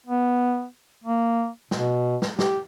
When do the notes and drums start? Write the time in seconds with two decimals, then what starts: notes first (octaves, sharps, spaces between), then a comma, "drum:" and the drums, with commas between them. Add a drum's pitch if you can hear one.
0.07 B3
1.04 A#3
1.71 B2, drum: snare
2.22 drum: snare
2.39 G4, drum: snare